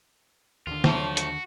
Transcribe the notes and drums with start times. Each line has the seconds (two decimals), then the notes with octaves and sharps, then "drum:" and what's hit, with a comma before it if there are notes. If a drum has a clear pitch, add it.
0.67 D#2 D3 F4
0.84 F3 F#3 A3, drum: snare
1.17 F#4, drum: hi-hat